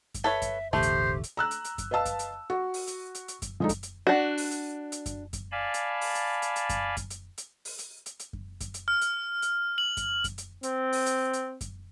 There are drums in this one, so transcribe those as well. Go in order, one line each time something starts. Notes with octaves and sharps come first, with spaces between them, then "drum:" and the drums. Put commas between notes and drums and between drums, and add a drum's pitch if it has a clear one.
drum: kick F#2, hi-hat
A4 B4 C#5 E5
drum: kick F#2, hi-hat
E1 A1 D3 A3 G4 C5
drum: hi-hat
drum: hi-hat
A#5 E6 F#6
drum: hi-hat
drum: hi-hat
drum: kick F#2, hi-hat
B4 D#5 F5 A5 E6
drum: kick F#2, hi-hat
drum: hi-hat
F#4
drum: open hi-hat
drum: hi-hat
drum: hi-hat
drum: hi-hat
drum: kick F#2, hi-hat
F3 G#3 A3 D4 D#4
drum: kick F#2, hi-hat
drum: hi-hat
D4 F#4
drum: open hi-hat
drum: hi-hat
drum: hi-hat
drum: kick F#2, hi-hat
drum: kick F#2, hi-hat
D5 F5 G#5 A5 B5
drum: hi-hat
drum: open hi-hat
drum: hi-hat
drum: hi-hat
drum: hi-hat
drum: kick F#2, hi-hat
drum: kick F#2, hi-hat
drum: hi-hat
drum: hi-hat
drum: open hi-hat
drum: hi-hat
drum: hi-hat
drum: hi-hat
drum: kick F#2
drum: kick F#2, hi-hat
drum: hi-hat
F6
drum: hi-hat
drum: hi-hat
F#7
drum: kick F#2, hi-hat
drum: kick F#2, hi-hat
drum: hi-hat
C4, drum: hi-hat
drum: open hi-hat
drum: hi-hat
drum: hi-hat
drum: kick F#2, hi-hat